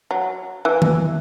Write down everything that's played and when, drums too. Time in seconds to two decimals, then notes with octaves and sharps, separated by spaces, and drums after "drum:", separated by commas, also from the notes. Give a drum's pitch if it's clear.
0.11 F#3
0.65 E3
0.82 drum: tom D#3